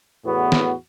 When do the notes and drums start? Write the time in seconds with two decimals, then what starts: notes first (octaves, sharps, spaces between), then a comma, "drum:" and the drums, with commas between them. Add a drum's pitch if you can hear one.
0.25 E2 A2 B3 F#4
0.52 drum: snare